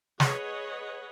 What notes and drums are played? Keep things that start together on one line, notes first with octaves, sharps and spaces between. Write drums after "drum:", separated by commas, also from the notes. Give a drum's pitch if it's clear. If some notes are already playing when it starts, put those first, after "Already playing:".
G#4 B4 C#5 D#5 F#5, drum: snare